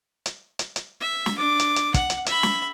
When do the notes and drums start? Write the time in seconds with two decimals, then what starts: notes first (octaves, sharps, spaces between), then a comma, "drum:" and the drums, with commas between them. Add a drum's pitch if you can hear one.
0.26 drum: hi-hat
0.59 drum: hi-hat
0.76 drum: hi-hat
1.00 E5
1.26 drum: snare
1.37 D4 D6
1.59 drum: hi-hat
1.76 drum: hi-hat
1.94 F#5, drum: kick, hi-hat
2.10 drum: hi-hat
2.26 E5 B5, drum: hi-hat
2.43 drum: snare